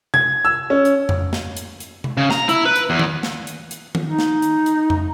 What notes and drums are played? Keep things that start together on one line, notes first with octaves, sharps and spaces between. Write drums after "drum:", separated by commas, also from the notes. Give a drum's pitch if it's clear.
G#6, drum: tom C3
E6
C#4
drum: hi-hat
drum: tom F2
drum: snare
drum: hi-hat
drum: hi-hat
drum: tom C3
C#3
A#5, drum: snare
E4, drum: hi-hat
B4
drum: hi-hat
E2
drum: tom D#3
drum: snare
drum: hi-hat
drum: hi-hat
drum: tom D#3
D#4
drum: snare
drum: hi-hat
drum: hi-hat
drum: tom F2